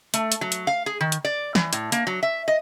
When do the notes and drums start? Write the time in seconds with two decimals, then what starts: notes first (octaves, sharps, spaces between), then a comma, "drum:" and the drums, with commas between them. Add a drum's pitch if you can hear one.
0.14 A3, drum: hi-hat
0.32 drum: hi-hat
0.41 F#3
0.52 drum: hi-hat
0.67 F5
0.86 G#4
1.01 D#3
1.12 drum: hi-hat
1.25 D5
1.55 E3, drum: snare
1.73 A2, drum: hi-hat
1.92 A#3, drum: hi-hat
2.07 F#3
2.23 E5
2.48 D#5